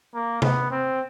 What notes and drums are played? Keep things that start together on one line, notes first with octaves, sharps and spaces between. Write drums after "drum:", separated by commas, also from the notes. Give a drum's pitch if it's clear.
A#3
B3, drum: tom C3
C4